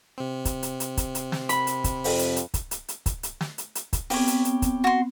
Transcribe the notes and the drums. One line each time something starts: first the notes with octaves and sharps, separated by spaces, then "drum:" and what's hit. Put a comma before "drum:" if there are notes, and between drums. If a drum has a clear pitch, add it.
C3 C4
drum: kick, hi-hat
drum: hi-hat
drum: hi-hat
drum: kick, hi-hat
drum: hi-hat
drum: snare
B5, drum: hi-hat
drum: hi-hat
drum: kick, hi-hat
F2, drum: open hi-hat
drum: hi-hat
drum: hi-hat
drum: kick, hi-hat
drum: hi-hat
drum: hi-hat
drum: kick, hi-hat
drum: hi-hat
drum: snare
drum: hi-hat
drum: hi-hat
drum: kick, hi-hat
B3 C4 G4 C#5, drum: open hi-hat
drum: hi-hat
drum: hi-hat
drum: kick, hi-hat
F#4 C6